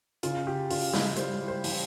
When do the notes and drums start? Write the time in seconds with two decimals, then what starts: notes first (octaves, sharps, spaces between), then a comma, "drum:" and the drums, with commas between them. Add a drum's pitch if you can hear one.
0.23 C#3 F4, drum: hi-hat
0.47 G4
0.70 C#3 F4, drum: open hi-hat
0.93 E4, drum: snare
1.16 G3 C5, drum: hi-hat
1.48 C5
1.64 E3, drum: open hi-hat